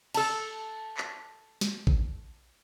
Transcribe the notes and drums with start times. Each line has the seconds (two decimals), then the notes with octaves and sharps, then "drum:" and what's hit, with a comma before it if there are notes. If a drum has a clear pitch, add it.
0.14 A4 A5, drum: cymbal
0.97 drum: clap
1.61 drum: snare
1.87 drum: kick A1